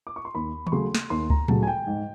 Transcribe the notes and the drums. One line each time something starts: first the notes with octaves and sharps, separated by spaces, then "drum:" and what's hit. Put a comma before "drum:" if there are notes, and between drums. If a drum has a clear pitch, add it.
D6
C#6
C6
D#2 B5
C#6, drum: tom D#3
C#3 F#3 A3 C6
drum: snare
D#2 C6
A#5, drum: kick C#2
C#3 F#3 A3 A5, drum: tom A2
G#5
G5
G#2